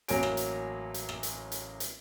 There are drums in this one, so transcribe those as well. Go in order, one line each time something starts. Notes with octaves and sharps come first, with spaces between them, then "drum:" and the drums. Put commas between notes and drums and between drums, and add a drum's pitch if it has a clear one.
A1 F#3 A#3 G#5 D7, drum: hi-hat
drum: rim click
drum: hi-hat
drum: hi-hat
drum: rim click
drum: hi-hat
drum: hi-hat
drum: hi-hat